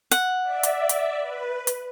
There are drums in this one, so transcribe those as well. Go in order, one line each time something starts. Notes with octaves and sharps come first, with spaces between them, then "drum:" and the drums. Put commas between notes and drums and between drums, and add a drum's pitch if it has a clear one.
F#5, drum: hi-hat
D5 E5
drum: hi-hat
drum: hi-hat
B4
drum: hi-hat